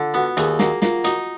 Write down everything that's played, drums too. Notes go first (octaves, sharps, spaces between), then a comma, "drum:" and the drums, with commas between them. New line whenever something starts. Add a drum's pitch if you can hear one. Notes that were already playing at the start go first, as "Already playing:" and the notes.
Already playing: D3 F4
B3 F#4
D#2 G#4, drum: hi-hat
A#3 F#4, drum: snare
A#3 F4, drum: snare
D#4 F#4, drum: hi-hat